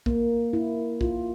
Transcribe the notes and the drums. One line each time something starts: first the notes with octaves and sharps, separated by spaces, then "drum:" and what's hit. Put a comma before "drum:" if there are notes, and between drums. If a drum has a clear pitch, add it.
A#3, drum: kick
E4
F4, drum: kick